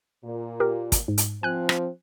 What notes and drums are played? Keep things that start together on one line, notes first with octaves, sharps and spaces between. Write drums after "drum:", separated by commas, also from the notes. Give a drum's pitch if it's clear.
A#2
G4 A#4
drum: kick, hi-hat
G#2
drum: hi-hat
F3 C4 G#5 F#6
drum: rim click